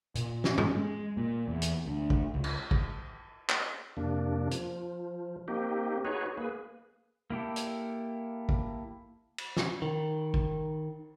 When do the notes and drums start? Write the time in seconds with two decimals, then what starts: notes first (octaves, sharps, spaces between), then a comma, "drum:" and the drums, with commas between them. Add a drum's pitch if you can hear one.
0.15 A#2, drum: hi-hat
0.44 C#4, drum: snare
0.58 drum: tom G2
0.76 G#3
1.17 A#2
1.48 E2
1.62 drum: hi-hat
1.86 D2
2.10 drum: kick
2.34 C#2
2.44 drum: cymbal
2.71 drum: kick
3.49 drum: clap
3.97 F2 C3 A#3 D4
4.51 F3, drum: hi-hat
5.48 A#3 C4 D#4 G4
6.05 D#4 F#4 G#4 B4 C#5
6.37 A#3 G#4 B4
7.30 A#3 E4 G4 A4
7.56 drum: hi-hat
8.49 drum: kick
9.38 drum: cymbal
9.57 drum: snare
9.82 D#3
10.34 drum: kick